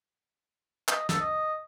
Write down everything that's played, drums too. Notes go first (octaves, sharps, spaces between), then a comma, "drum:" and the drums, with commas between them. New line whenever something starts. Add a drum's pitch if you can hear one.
D#5, drum: clap
A4, drum: snare
D#5